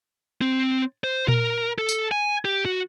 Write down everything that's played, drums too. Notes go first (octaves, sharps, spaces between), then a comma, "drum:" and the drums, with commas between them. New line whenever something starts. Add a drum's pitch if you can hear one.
C4
C5
A#4, drum: tom A#2
A4
drum: tambourine
G#5
G4
F#4